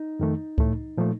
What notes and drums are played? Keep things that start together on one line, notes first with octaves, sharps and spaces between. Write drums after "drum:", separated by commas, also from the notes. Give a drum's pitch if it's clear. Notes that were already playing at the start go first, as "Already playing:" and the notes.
Already playing: D#4
F2 D#3 A3
A2 A3, drum: kick C#2
A#2 F3 A3